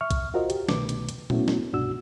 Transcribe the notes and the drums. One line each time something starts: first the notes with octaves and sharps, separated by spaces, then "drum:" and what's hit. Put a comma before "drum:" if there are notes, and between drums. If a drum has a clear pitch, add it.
E5 C#6 F6
drum: kick B1, hi-hat
F4 F#4 A#4 C5 D#5
G4, drum: hi-hat
C2 B2 D#3 A3 B4 D6, drum: snare
drum: hi-hat
drum: hi-hat
A3 B3 C#4 E4 F#4, drum: tom A#2
drum: snare
C2 G2 B2 D4 F#4 E6